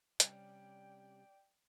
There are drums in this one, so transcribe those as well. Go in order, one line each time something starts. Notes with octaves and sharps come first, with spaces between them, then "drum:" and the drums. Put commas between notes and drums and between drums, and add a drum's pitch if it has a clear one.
C3 G3 C#4 D5 G5, drum: hi-hat